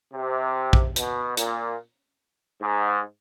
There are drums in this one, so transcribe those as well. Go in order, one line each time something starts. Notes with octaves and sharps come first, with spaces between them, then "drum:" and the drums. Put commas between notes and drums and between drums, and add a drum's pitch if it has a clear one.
C3
drum: kick A#1
B2, drum: hi-hat
A#2, drum: hi-hat
G#2